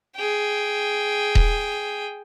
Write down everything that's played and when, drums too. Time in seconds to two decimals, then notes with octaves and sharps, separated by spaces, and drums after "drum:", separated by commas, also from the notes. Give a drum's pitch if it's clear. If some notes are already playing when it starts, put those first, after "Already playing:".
0.16 G#4 G5
1.35 drum: kick D#1